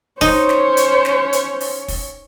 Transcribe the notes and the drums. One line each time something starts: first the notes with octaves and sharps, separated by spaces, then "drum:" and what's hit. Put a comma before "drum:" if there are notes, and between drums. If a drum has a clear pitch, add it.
C#4 D#4 C5 C#5, drum: kick, open hi-hat
drum: snare
drum: hi-hat
drum: snare
drum: hi-hat
drum: open hi-hat
drum: kick, open hi-hat